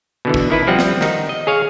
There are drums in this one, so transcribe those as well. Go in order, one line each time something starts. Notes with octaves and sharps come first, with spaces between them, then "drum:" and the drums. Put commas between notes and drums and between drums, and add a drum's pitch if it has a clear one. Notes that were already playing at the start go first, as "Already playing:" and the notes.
B2 D3 E3
drum: kick
D#3 E4 B4
F3 G3 C4 F#5
drum: snare
D#3 D#4, drum: snare
D#5
G#4 C#5 F5